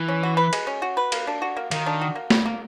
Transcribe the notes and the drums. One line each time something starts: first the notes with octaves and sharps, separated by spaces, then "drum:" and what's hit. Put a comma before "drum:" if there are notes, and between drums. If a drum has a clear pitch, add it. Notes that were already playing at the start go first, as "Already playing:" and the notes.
Already playing: E3
C#4
F#4
B4
G#3, drum: cymbal
C#4
F#4
B4
A#3, drum: cymbal
D4
F#4
A#3
D#3 A#3, drum: cymbal
D4
F#4
A#3
G3, drum: snare A3
A#3